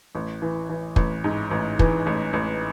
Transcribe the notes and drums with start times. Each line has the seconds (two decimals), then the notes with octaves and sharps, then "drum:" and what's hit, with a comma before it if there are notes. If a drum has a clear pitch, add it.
0.15 A1
0.42 E3
0.69 E3
0.96 A1, drum: kick
1.24 G#2
1.51 A1
1.79 E3, drum: kick
2.06 A1
2.33 A1